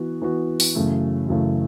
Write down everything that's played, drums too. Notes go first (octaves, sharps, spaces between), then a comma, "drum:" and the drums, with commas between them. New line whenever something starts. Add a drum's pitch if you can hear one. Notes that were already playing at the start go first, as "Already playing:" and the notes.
Already playing: E3 B3 F#4
E3 B3 F#4
drum: open hi-hat
F#2 C#3 E3 A3
F#2 C#3 E3 A3